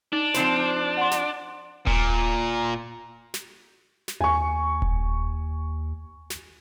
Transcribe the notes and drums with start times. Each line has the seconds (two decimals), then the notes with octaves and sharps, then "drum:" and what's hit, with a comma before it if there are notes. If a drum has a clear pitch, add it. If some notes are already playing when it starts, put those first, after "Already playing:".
0.13 D4 D#4
0.34 F3 C4 C5, drum: snare
0.97 F#5 C6
1.11 drum: snare
1.87 A#2, drum: kick D#1
3.34 drum: snare
4.08 drum: snare
4.21 D#2 G#5 C#6
4.82 drum: kick D#1
6.30 drum: snare